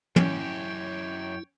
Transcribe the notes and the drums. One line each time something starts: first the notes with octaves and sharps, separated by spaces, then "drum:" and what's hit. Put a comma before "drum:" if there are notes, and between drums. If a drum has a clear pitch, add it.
F#2 C#4 E4 G4 C#5 G5, drum: tom